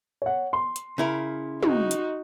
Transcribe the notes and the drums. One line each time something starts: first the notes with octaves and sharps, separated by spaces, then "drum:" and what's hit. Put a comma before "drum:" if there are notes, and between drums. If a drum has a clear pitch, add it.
C#5 F#5
C6
drum: hi-hat
C#3 E4 A#4
D#4 F#4, drum: tom
drum: hi-hat